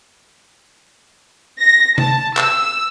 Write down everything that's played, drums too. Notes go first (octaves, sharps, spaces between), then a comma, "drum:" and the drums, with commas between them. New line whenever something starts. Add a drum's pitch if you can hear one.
A#6
A5, drum: tom C3
E6, drum: clap